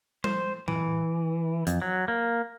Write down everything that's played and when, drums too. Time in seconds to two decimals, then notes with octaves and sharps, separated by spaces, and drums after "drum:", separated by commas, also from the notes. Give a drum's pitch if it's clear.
0.24 C5, drum: tom G3
0.68 E3, drum: tom A2
1.67 F2, drum: hi-hat
1.82 F#3
2.08 A#3